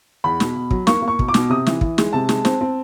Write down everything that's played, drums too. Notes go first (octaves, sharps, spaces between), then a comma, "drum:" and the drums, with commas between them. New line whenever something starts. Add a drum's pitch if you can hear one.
E2 B5
B2, drum: snare
B2
F#3, drum: kick
A#3 C#6, drum: snare
A#3
C#6
B2, drum: kick
D6
B2, drum: snare
C3 D#6
E3, drum: snare
E3, drum: kick
G#3, drum: snare
C3 A5
G#3, drum: snare
C4, drum: snare
C4